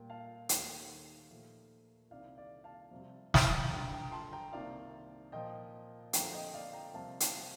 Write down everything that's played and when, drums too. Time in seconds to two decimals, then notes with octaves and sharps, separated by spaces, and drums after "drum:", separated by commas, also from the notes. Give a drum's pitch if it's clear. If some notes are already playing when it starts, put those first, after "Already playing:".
Already playing: A#2 G3 A#3 G5
0.10 F5 A5
0.49 D#2 D#3 A3, drum: hi-hat
1.30 A#2 F3 A3
2.10 C2 C3 D#3 D5 F5
2.37 D5 F5
2.64 F5 A5
2.91 F2 C3 G3
3.34 drum: snare
3.71 G2 D3 G3 G5 A#5
3.92 G5 A#5
4.12 A5 C6
4.33 G5 A#5
4.52 C2 C3 D#3 A#3 D5 F5
5.32 A#2 F3 A#3 D#5 G5
6.13 F2 D3 F3 A3 G5 A#5, drum: hi-hat
6.33 D#5 G5
6.54 D5 F5
6.73 G5 A#5
6.94 F2 C3 G3 A#3 F5 A5
7.20 F5 A5, drum: hi-hat